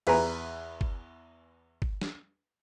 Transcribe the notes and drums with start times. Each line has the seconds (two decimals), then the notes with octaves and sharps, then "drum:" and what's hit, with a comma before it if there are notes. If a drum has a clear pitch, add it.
0.07 E2 B4 G#5 A#5, drum: cymbal
0.81 drum: kick G1
1.82 drum: kick G1
2.01 drum: snare